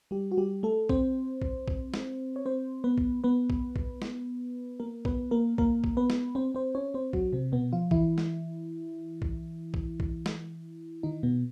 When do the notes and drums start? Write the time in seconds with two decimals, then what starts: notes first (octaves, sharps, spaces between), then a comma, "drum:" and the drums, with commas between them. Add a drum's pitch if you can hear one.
0.11 G3 G4
0.31 F#4
0.37 G3 G4
0.63 A3 A4
0.89 C4 C5, drum: kick A#1
1.42 drum: kick A#1
1.68 drum: kick A#1
1.94 drum: snare
2.36 C#5
2.46 C4 C5
2.84 B3 B4
2.98 drum: kick A#1
3.24 B3 B4
3.50 drum: kick A#1
3.76 drum: kick A#1
4.02 drum: snare
4.80 A#3 A#4
5.05 B3 B4, drum: kick A#1
5.31 A#3 A#4
5.58 A#3 A#4, drum: kick A#1
5.84 drum: kick A#1
5.97 B3 B4
6.10 drum: snare
6.35 C4 C5
6.55 C4 C5
6.75 C#4 C#5
6.94 C4 C5
7.13 F#3 F#4, drum: kick A#1
7.33 C3 C4
7.52 B2 B3
7.72 F3 F4
7.91 E3 E4, drum: kick A#1
8.18 drum: snare
9.22 drum: kick A#1
9.74 drum: kick A#1
10.00 drum: kick A#1
10.26 drum: snare
11.03 D#3 D#4
11.23 B2 B3